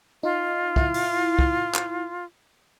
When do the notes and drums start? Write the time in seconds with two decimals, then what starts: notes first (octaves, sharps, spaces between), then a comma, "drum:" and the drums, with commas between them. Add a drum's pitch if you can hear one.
0.23 D#4 F4
0.76 E4, drum: kick
0.94 drum: open hi-hat
1.39 drum: kick
1.75 drum: clap